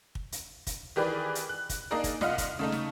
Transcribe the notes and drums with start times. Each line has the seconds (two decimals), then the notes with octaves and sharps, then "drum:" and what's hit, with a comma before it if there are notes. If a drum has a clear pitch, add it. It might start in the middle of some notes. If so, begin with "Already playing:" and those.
0.15 drum: kick
0.32 drum: hi-hat
0.67 drum: kick, hi-hat
0.96 D#3 E3 G4 G#4 B4 D5
1.35 drum: hi-hat
1.49 F#6
1.69 drum: kick, hi-hat
1.91 A#3 D4 D#4 G#4 A#4 D5
2.04 drum: kick, hi-hat
2.21 C2 F4 D#5 F5 F#5 F6, drum: snare
2.38 drum: kick, hi-hat
2.59 C#3 A3 D#4
2.72 drum: snare